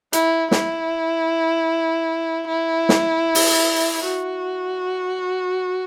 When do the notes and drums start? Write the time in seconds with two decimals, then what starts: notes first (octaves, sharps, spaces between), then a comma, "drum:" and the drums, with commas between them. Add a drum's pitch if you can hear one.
0.13 E4, drum: hi-hat
0.51 E4, drum: snare
2.48 E4
2.89 drum: snare
3.35 drum: open hi-hat
4.04 F#4